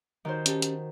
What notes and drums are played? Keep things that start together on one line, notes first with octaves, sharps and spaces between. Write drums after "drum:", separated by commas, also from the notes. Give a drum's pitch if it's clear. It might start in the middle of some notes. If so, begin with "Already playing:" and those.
D#3 F#4 C5
C#4 G4 A5, drum: hi-hat
drum: hi-hat